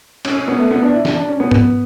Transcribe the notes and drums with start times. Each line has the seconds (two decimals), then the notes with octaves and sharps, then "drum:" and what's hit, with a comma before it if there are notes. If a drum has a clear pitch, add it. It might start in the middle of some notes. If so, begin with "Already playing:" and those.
0.25 C#4, drum: cymbal
0.36 C#4
0.48 B3
0.58 A3
0.71 B3
0.82 D4
0.93 E4
1.05 D4, drum: snare
1.16 D4
1.28 C#4
1.40 B3
1.51 B3, drum: tom G#2